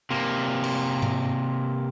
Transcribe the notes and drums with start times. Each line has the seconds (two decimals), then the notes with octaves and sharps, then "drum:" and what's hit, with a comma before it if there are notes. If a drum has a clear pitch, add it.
0.10 C3 A#3
0.64 drum: cymbal
1.02 drum: tom G#2